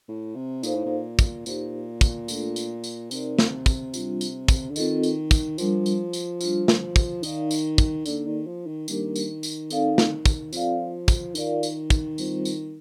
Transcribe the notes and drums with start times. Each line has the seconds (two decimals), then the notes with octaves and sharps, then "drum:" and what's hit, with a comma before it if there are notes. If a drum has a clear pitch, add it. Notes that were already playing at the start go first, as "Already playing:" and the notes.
0.08 A2
0.36 C3
0.63 A#2 D#4 A4 C5 F5, drum: tambourine
0.75 A2
0.86 A#2
1.19 drum: kick, tambourine
1.46 A#2 D#4 G4 C5, drum: tambourine
2.01 drum: kick, tambourine
2.28 A3 D4 F4 A4, drum: tambourine
2.56 drum: tambourine
2.84 drum: tambourine
3.11 C3 D#4 A#4 D5, drum: tambourine
3.39 drum: snare
3.66 drum: kick, tambourine
3.94 G3 D4 F4, drum: tambourine
4.21 drum: tambourine
4.48 drum: kick, tambourine
4.70 D3
4.76 D#3 C4 F4 A4 D#5, drum: tambourine
5.03 drum: tambourine
5.31 drum: kick, tambourine
5.58 F3 G3 D4 F4 A#4, drum: tambourine
5.86 drum: tambourine
6.13 drum: tambourine
6.41 G3 D4 F4, drum: tambourine
6.68 drum: snare
6.96 drum: kick, tambourine
7.23 D#3 D#4 A#4 D5 F5, drum: tambourine
7.51 drum: tambourine
7.78 drum: kick, tambourine
8.06 D3 A#3 D#4 A4 D5, drum: tambourine
8.27 D#3
8.47 F3
8.67 D#3
8.88 D#3 G3 A#3 D4 G4 A#4, drum: tambourine
9.16 drum: tambourine
9.43 drum: tambourine
9.70 C4 D#4 A4 D5 F5, drum: tambourine
9.98 drum: snare
10.26 drum: kick, tambourine
10.53 F3 C4 F4 A4 D5 F5, drum: tambourine
11.08 drum: kick, tambourine
11.35 D#3 F4 A#4 D5 F5, drum: tambourine
11.63 drum: tambourine
11.90 drum: kick, tambourine
12.18 G3 C4 F4 C5, drum: tambourine
12.45 drum: tambourine